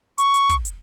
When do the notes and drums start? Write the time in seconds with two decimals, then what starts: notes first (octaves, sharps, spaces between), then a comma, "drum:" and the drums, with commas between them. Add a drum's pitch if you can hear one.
0.18 C#6, drum: hi-hat
0.34 drum: hi-hat
0.49 drum: kick, hi-hat
0.65 drum: hi-hat